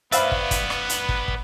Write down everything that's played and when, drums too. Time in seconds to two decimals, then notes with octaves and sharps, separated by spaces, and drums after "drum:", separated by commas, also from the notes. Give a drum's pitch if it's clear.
0.12 B3 B4 C5 D5 E5 F5 G5 B5, drum: hi-hat
0.32 drum: kick
0.51 drum: kick, hi-hat
0.70 drum: rim click
0.89 drum: hi-hat
1.09 drum: kick
1.28 drum: kick